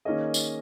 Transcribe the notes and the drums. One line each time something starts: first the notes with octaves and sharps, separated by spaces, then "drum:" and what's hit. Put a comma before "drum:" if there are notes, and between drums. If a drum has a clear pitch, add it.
D#3 A#3 C#4 G#4 D#5
drum: tambourine